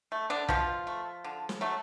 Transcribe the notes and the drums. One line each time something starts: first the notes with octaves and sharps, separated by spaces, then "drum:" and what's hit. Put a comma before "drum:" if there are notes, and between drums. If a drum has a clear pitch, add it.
A3
D3 D4
B2 F3 F4, drum: kick
A3
D3
drum: snare
F#3 A3